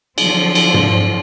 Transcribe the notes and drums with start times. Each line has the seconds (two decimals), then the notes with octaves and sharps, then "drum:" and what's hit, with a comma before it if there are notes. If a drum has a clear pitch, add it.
0.18 D3 F3 F#3 C4, drum: cymbal
0.55 drum: cymbal
0.74 drum: tom